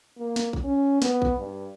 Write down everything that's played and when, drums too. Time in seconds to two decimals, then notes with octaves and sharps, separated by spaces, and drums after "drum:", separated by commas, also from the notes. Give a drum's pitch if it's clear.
0.17 A#3
0.36 drum: snare
0.53 drum: kick A#1
0.64 C#4
1.02 B3, drum: snare
1.22 drum: kick A#1
1.39 G2